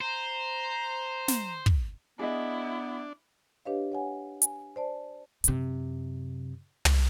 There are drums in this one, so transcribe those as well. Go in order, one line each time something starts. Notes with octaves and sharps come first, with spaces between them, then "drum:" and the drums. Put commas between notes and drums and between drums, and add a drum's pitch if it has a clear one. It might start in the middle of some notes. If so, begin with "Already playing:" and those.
C5 A#5
drum: snare
drum: kick
B3 D4 E4 G#4 D#5
D4 G4 B4 C#5 D#5 F5
C#5 F#5 G#5
G#5, drum: hi-hat
C5 D5 A5
F#2 C3, drum: hi-hat
drum: tom